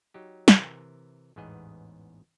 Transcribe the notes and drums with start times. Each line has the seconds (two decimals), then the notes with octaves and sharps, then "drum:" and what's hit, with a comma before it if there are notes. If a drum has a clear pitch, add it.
0.14 F#3 D#4 G4
0.48 drum: snare
0.58 C3 E3 A#4
1.36 A1 E2 G#2 B3 G#4 D#5